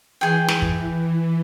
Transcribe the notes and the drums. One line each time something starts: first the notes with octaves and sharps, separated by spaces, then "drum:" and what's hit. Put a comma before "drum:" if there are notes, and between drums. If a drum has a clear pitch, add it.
E3 G#4 G5
drum: snare
drum: kick